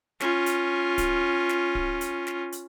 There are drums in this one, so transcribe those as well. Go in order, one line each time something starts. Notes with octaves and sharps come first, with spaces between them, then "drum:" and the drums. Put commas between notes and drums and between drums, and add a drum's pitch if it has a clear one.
C#4 F4, drum: snare
drum: hi-hat
drum: kick D1, hi-hat
drum: snare
drum: kick D1
drum: hi-hat
drum: snare
drum: hi-hat